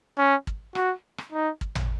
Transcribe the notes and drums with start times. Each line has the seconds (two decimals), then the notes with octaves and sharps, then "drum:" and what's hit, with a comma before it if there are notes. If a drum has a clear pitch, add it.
0.18 C#4
0.47 drum: kick
0.75 F#4, drum: rim click
1.18 drum: rim click
1.32 D#4
1.61 drum: kick
1.75 drum: tom